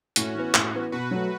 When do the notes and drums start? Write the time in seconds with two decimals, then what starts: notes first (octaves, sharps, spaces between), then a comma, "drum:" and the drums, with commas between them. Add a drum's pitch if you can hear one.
0.16 A2 C#4 F#4, drum: hi-hat
0.35 E3 B3
0.54 A2, drum: clap
0.74 E3 B3
0.92 B2 F#4 B4
1.11 F#3 A3